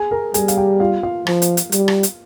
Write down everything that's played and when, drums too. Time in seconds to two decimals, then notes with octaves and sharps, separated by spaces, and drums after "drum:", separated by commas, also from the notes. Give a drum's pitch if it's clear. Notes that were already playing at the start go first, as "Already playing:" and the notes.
Already playing: G#4 G#5
0.11 A#4 A#5
0.34 G3 G#4 G#5, drum: hi-hat
0.48 F5, drum: hi-hat
0.57 G4 G5
0.80 F4 F5
1.03 F4 F5
1.27 F3, drum: rim click
1.42 drum: hi-hat
1.57 drum: hi-hat
1.72 G3, drum: hi-hat
1.88 drum: rim click
2.03 drum: hi-hat